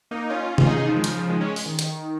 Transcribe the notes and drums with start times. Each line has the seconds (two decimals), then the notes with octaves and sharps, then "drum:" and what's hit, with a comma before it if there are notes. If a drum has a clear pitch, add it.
0.11 A#3 D#4
0.30 C#4 F4
0.58 F4, drum: tom
0.66 D#4 G#4
0.76 D#4 G#4
0.85 C#3 F3
0.95 D#3 G#3
1.04 C#3 F3, drum: hi-hat
1.16 C#3 F3
1.29 D#3 G#3
1.41 G#3 C#4
1.56 drum: open hi-hat
1.66 D#3
1.79 D#3, drum: hi-hat